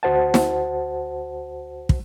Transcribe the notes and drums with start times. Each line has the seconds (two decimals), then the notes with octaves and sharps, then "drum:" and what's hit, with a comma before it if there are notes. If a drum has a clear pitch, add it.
0.03 D2 F#4 C5 F#5 A5
0.34 drum: snare
1.89 drum: kick